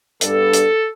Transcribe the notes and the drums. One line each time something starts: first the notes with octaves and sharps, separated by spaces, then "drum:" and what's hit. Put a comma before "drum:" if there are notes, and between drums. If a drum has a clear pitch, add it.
G2 G3 B3 D4 A4, drum: hi-hat
drum: hi-hat